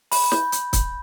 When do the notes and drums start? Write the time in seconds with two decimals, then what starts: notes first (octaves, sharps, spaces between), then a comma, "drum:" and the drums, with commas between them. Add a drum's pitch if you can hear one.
0.12 B5, drum: open hi-hat
0.32 G6, drum: snare
0.52 B5, drum: hi-hat
0.73 G6, drum: kick, hi-hat